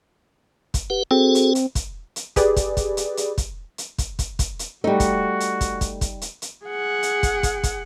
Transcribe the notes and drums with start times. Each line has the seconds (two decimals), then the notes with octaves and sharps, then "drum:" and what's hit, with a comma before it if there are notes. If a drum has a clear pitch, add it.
0.74 drum: kick, hi-hat
0.90 G4 B4 F#5
1.11 C4 F#4 G#4 A4
1.35 drum: hi-hat
1.55 drum: hi-hat
1.75 drum: kick, hi-hat
2.16 drum: hi-hat
2.36 G4 G#4 B4 D5, drum: kick, hi-hat
2.56 drum: kick, hi-hat
2.77 drum: kick, hi-hat
2.97 drum: hi-hat
3.17 drum: hi-hat
3.38 drum: kick, hi-hat
3.78 drum: hi-hat
3.98 drum: kick, hi-hat
4.19 drum: kick, hi-hat
4.39 drum: kick, hi-hat
4.59 drum: hi-hat
4.84 G3 A3 D#4 F#4
5.00 drum: kick, hi-hat
5.40 drum: hi-hat
5.61 drum: kick, hi-hat
5.81 drum: kick, hi-hat
6.01 drum: kick, hi-hat
6.22 drum: hi-hat
6.42 drum: hi-hat
6.66 G#4 F#5
7.03 drum: hi-hat
7.23 drum: kick, hi-hat
7.43 drum: kick, hi-hat
7.63 drum: kick, hi-hat